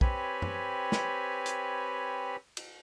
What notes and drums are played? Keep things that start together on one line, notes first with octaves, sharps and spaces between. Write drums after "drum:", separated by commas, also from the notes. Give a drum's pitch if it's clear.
C4 G4 B4 C#5 G#5 B5, drum: kick
drum: tom F#2
drum: snare
drum: hi-hat
drum: cymbal